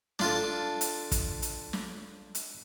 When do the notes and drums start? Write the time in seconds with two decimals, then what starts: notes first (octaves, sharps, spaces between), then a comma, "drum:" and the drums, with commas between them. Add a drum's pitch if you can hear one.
0.19 D4 F4 A4, drum: snare
0.81 drum: hi-hat
1.12 drum: kick, hi-hat
1.42 drum: hi-hat
1.73 drum: snare
2.35 drum: hi-hat